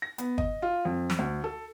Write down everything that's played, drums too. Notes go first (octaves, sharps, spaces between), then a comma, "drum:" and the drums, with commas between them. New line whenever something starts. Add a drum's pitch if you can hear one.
A#6
B3, drum: hi-hat
D#5, drum: kick
F4
F2
drum: snare
D2
A4